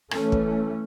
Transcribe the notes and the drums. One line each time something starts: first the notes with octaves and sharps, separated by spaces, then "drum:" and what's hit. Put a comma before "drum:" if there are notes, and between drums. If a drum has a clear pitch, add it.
E3 A3 C#4, drum: rim click
drum: kick